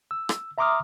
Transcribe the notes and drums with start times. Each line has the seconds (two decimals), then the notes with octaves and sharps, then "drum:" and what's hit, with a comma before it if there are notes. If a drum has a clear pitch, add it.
0.11 E6
0.29 drum: rim click
0.58 E5 A#5 C6 D6 D#6 F6